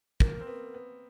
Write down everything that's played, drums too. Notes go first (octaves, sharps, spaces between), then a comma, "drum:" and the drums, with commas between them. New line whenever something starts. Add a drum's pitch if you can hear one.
A#3 A#4, drum: kick
C4
B3
B3